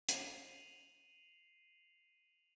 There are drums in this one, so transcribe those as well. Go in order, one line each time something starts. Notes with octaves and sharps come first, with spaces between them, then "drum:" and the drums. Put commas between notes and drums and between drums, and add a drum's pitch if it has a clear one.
C7 D#7 F7 F#7, drum: hi-hat